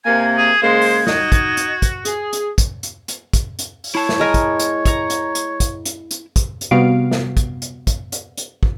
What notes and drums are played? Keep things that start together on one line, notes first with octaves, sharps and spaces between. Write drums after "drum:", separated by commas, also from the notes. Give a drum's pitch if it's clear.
C3 A#3 G#5 G#6
G#4
C#3 G#3 A#3 C5
drum: open hi-hat
D#4 F#4 D#5, drum: snare
drum: kick, hi-hat
drum: hi-hat
drum: kick, hi-hat
G#4, drum: hi-hat
drum: hi-hat
drum: kick, hi-hat
drum: hi-hat
drum: hi-hat
drum: kick, hi-hat
drum: hi-hat
drum: open hi-hat
E4 C#5 A5
drum: snare
G#3 A#4 G#5
drum: kick, hi-hat
drum: hi-hat
A#5 C#6, drum: kick, hi-hat
drum: hi-hat
drum: hi-hat
drum: kick, hi-hat
drum: hi-hat
drum: hi-hat
drum: kick, hi-hat
drum: hi-hat
C3 G3 B3 F#4 F5 D7
drum: snare
drum: kick, hi-hat
drum: hi-hat
drum: kick, hi-hat
drum: hi-hat
drum: hi-hat
drum: kick